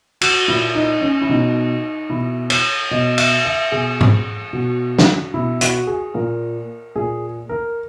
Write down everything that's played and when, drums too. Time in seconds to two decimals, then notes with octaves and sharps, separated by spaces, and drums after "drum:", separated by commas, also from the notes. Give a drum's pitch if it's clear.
0.21 F#4, drum: cymbal
0.48 A#2 E4
0.75 D#4
1.02 C#4
1.21 E4
1.29 B2 D#4
2.10 B2 E4
2.50 C#5, drum: cymbal
2.91 B2 D#5
3.18 E5, drum: cymbal
3.45 E5
3.72 B2 G#4
4.01 drum: tom G#2
4.53 B2 F#4
4.99 drum: snare
5.34 B2 E4
5.61 F#4, drum: hi-hat
5.87 G#4
6.14 A#2 A#4
6.96 A#2 G#4
7.49 A#4